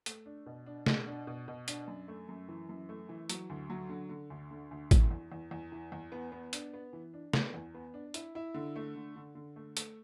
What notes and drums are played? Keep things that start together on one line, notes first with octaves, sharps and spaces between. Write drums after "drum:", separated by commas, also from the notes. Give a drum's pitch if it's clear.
A3, drum: hi-hat
D4
B2
D4
B2, drum: snare
D4
B2
B2
D4, drum: hi-hat
F#2
A3
F#2
E3
F#2
A3
E3
F#3, drum: hi-hat
D2
F#3
D3
D3
D2
D3
D2
E3, drum: kick, hi-hat
E2
E2
E2
E3
E2
B3
B3
D4, drum: hi-hat
B3
E3
D4
B3, drum: snare
E2
B3
D4
E4, drum: hi-hat
E4
D3
A3
D3
D3
D3
A3
A3, drum: hi-hat